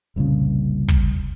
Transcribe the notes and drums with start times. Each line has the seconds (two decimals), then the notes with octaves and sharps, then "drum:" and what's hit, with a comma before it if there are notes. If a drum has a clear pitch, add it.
0.16 F1 C2 A#2 C#3
0.88 drum: kick